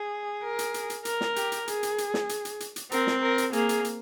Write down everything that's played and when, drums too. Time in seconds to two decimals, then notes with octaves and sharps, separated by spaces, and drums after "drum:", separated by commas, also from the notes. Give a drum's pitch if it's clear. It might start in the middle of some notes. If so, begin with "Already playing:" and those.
Already playing: G#4
0.43 A#4
0.59 drum: hi-hat
0.74 drum: hi-hat
0.90 drum: hi-hat
1.05 A#4, drum: hi-hat
1.21 drum: snare
1.36 G4, drum: hi-hat
1.52 drum: hi-hat
1.68 G#4, drum: hi-hat
1.83 drum: hi-hat
1.98 drum: hi-hat
2.14 drum: snare
2.29 drum: hi-hat
2.45 drum: hi-hat
2.60 drum: hi-hat
2.76 drum: hi-hat
2.92 C4 A#4, drum: hi-hat
3.07 drum: snare
3.23 A#4
3.38 drum: hi-hat
3.53 A#3 G#4, drum: hi-hat
3.69 drum: hi-hat
3.85 drum: hi-hat